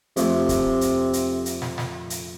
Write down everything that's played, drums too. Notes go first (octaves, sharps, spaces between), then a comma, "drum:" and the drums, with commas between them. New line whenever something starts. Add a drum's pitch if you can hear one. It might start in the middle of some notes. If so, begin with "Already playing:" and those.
F2 C3 A3, drum: hi-hat
drum: kick C#1, hi-hat
drum: hi-hat
drum: hi-hat
drum: hi-hat
drum: snare
drum: snare
drum: hi-hat